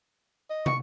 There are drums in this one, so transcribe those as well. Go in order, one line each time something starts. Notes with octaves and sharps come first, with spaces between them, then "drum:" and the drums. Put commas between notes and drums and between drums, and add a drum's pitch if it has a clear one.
D#5
C#6, drum: tom